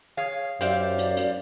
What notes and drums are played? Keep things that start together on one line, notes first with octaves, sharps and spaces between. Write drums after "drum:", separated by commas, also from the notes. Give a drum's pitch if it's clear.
G#4 C#5 F5
F#2 G4 C5 D5 E5 F5, drum: hi-hat
drum: hi-hat
drum: hi-hat